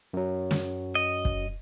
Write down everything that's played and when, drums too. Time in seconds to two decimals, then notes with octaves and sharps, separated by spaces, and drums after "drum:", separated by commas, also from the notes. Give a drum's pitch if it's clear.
0.13 F#2 F#3
0.51 drum: snare
0.95 D#5
1.25 drum: kick